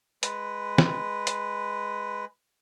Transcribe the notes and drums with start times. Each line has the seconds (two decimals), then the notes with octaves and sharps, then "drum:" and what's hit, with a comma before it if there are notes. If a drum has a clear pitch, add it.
0.23 G#3 B4, drum: hi-hat
0.78 drum: snare
1.27 drum: hi-hat